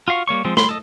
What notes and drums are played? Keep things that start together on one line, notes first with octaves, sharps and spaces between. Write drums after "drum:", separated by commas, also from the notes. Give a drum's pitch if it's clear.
F4 F#4 F5 C#6
G3 A#3 C#5 C#6
F3 G#3 C4
B5 C6, drum: snare
A4 D#5